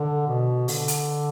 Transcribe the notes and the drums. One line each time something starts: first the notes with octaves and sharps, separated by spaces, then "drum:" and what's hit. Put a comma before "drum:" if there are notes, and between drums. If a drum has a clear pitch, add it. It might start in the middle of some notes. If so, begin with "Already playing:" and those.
Already playing: D3
B2
D3, drum: open hi-hat
drum: hi-hat